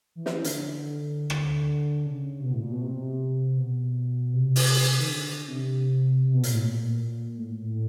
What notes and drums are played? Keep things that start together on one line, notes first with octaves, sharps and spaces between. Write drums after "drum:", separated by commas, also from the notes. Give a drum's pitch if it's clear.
E3
F3, drum: snare
E3
D3, drum: hi-hat
D3, drum: rim click
C#3
C3
B2
A2
A#2
B2
C3
B2
C3
drum: open hi-hat
D#3
D3
C3
C3
B2
A#2, drum: hi-hat
A2
A#2
A2
A2